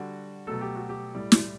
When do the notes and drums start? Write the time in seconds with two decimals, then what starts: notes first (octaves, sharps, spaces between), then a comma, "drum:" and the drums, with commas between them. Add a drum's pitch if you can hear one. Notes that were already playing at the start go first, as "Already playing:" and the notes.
Already playing: D3 G3 F#4
0.47 B2 F#3 A3 A4
0.61 G4
0.75 F#4
0.89 G4
1.15 A2 G3
1.32 drum: snare